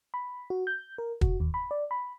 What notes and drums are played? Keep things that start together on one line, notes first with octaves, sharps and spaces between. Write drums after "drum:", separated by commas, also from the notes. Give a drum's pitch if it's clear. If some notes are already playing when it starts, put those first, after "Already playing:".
B5
F#4
G6
A#4
F#4, drum: kick
D#2
B5
D5
B5